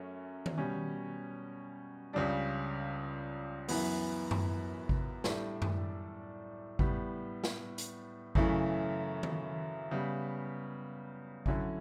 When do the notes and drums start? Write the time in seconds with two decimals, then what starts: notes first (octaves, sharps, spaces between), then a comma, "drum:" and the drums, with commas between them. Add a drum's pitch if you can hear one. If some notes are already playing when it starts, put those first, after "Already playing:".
Already playing: F#2 A3 C#4
0.46 drum: tom D#3
0.58 B2 G3 C#4
2.13 C#2 C#3 G3 D4
3.68 F#2 E3 B3, drum: open hi-hat
4.31 drum: tom F#2
4.89 drum: kick G#1
5.24 A2 G3 D4 A4, drum: snare
5.62 drum: tom F#2
6.79 A2 G3 B3, drum: kick G#1
7.44 drum: snare
7.78 drum: hi-hat
8.35 F#2 C#3 E3 A3 E4, drum: kick G#1
9.23 drum: tom D#3
9.91 C#3 G3 B3
11.46 D3 F#3 C#4 E4, drum: kick G#1